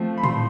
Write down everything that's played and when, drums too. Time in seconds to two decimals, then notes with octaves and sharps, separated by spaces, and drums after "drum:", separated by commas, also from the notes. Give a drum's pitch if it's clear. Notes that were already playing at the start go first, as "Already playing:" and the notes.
Already playing: F3 A3 C4
0.18 B5
0.24 C6, drum: tom A2